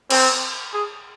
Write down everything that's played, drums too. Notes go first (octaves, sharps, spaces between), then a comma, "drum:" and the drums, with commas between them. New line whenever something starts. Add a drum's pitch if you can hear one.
C4, drum: cymbal
G#4